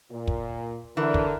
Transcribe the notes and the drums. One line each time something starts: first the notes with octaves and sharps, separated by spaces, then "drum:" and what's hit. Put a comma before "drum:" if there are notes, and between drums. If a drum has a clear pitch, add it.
A#2
drum: kick
D3 E3 A#4
drum: kick